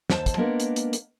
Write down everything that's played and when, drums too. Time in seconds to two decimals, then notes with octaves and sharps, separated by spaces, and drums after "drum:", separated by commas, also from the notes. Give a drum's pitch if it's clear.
0.10 D#2 C5 A5, drum: snare
0.26 drum: kick, hi-hat
0.37 G#3 A#3 B3 D4 A#4
0.60 drum: hi-hat
0.76 drum: hi-hat
0.93 drum: hi-hat